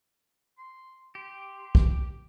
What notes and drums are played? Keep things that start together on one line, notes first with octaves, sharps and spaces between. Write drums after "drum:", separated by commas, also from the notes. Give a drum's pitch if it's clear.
C6
G4 C6
drum: kick